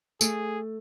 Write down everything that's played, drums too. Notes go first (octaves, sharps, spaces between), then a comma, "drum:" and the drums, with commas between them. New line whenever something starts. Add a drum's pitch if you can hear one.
A3 G#4, drum: tambourine